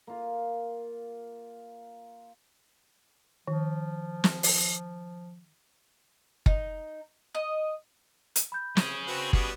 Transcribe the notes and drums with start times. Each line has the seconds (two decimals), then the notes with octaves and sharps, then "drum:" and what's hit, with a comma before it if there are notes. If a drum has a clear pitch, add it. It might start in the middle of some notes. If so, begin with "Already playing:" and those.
0.07 A#3 F4
3.48 D#3 F3
4.24 drum: snare
4.43 drum: open hi-hat
6.46 D#4, drum: kick
7.35 D#5
8.36 drum: hi-hat
8.52 B5 G6
8.77 C#4 G#4, drum: snare
9.07 C4 F#4 B4
9.33 G3 B3 F#4, drum: kick